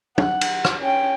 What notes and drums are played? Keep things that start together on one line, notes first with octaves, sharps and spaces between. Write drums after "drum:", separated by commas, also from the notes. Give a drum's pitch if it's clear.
F#5, drum: tom
drum: cymbal
drum: rim click
C#4 G5